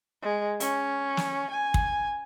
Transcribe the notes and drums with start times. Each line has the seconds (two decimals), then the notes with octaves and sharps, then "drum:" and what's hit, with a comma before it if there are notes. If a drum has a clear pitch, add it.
0.22 G#3
0.60 C#4, drum: hi-hat
1.17 drum: snare
1.51 G#5
1.74 drum: kick